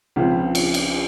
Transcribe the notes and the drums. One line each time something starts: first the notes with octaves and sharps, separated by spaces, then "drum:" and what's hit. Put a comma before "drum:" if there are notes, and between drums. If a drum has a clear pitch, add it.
C#2 C#3 F3 C4
drum: cymbal
drum: cymbal